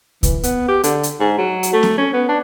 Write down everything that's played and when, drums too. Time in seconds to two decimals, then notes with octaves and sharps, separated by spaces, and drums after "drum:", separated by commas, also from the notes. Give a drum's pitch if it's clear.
0.23 E3, drum: kick C2, hi-hat
0.43 B3, drum: hi-hat
0.68 G4
0.83 D3, drum: hi-hat
1.03 drum: hi-hat
1.20 G#2
1.38 F#3
1.63 drum: hi-hat
1.73 A3
1.83 drum: snare C4
1.98 C#4
2.13 B3
2.29 D4